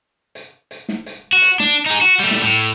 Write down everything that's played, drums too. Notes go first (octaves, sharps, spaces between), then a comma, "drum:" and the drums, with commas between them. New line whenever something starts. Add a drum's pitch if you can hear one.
drum: hi-hat
drum: hi-hat
drum: snare
drum: hi-hat
F#4
drum: hi-hat
D4, drum: snare
D#4 G#4
F#4
G3 A3
drum: snare
A2